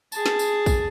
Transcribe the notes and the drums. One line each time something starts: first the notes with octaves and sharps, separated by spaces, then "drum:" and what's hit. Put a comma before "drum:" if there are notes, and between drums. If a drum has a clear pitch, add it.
G#4 A5, drum: tambourine
drum: snare
drum: tambourine
drum: kick, tambourine